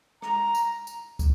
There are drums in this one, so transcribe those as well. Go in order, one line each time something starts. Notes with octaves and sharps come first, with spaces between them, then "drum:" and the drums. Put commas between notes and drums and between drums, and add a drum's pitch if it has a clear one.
A#5, drum: rim click
drum: tambourine
drum: tambourine
drum: kick, tambourine